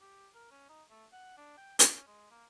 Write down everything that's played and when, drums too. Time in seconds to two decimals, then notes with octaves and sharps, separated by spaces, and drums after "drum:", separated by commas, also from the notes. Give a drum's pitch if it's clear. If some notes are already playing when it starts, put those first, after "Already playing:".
0.01 G4
0.35 A#4
0.51 C#4
0.69 D#4
0.90 A3
1.13 F#5
1.37 D4
1.58 G5
1.79 A4, drum: hi-hat
1.93 C#4
2.07 G#3
2.31 A#3